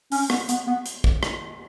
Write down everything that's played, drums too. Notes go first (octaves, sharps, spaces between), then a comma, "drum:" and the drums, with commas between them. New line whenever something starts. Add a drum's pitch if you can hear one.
C#4, drum: open hi-hat
B3, drum: rim click
B3, drum: hi-hat
B3
drum: hi-hat
drum: kick
drum: rim click